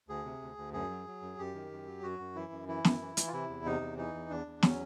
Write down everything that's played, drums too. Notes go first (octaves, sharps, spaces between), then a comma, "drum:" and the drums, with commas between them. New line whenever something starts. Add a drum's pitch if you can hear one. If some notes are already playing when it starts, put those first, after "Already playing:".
D2 G#4
C3
D2
D2
F#2 G#4
F#3
F#3
F#2
F#2 G4
D#3
F#2
F#3
F#2 F#4
F#2
E3 E4
F#2
E3 E4
F#2, drum: snare
E3
E3, drum: hi-hat
F4
C3 E4
E2
C3 D#4
E2
E3 D#4
E2
E2 D4
E2
F#3 C#4, drum: snare